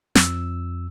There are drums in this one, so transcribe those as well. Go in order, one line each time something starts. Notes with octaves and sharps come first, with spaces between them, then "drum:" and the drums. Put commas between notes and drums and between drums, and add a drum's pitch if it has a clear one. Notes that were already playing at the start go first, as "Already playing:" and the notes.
F2 E6, drum: snare